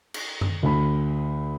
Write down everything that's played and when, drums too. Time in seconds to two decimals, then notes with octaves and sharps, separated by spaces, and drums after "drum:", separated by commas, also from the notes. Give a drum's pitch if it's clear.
0.14 drum: cymbal
0.41 drum: tom F#2
0.63 D2 B5